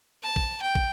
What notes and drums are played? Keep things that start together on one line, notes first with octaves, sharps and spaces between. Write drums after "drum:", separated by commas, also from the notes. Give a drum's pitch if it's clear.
A5
drum: kick
G5
drum: kick